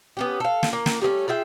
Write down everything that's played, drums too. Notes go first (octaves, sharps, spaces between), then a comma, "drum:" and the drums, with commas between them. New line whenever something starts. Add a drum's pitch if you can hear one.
B3 C#4 G4
A4 F5
drum: snare
A#3
drum: snare
G3 A3 C4 C#4
F4 G#4 E5 G5